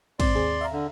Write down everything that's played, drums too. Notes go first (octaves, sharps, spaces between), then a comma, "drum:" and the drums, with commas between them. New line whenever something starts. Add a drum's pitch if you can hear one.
G#2 C4 D5 C6, drum: kick, cymbal
D#2 C4 G#4
E5 F5 A#5
D3